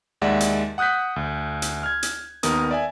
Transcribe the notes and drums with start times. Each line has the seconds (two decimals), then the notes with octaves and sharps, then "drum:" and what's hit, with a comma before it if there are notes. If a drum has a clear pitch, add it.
0.22 D#2 G#3 D5 E5 F#5
0.40 drum: hi-hat
0.78 F#5 D#6 F#6 G6 B6
1.16 D2
1.62 drum: hi-hat
1.83 F6 G#6
2.03 drum: hi-hat
2.43 D#2 D#3 B3 A#4 D#6, drum: hi-hat
2.71 D5 E5 G#5